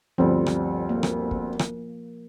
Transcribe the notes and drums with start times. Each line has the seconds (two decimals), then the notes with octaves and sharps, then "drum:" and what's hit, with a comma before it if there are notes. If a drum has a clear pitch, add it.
0.18 G1 D2 F3 G3 C4
0.46 drum: rim click
0.89 A#3
1.03 drum: rim click
1.31 drum: kick
1.59 drum: rim click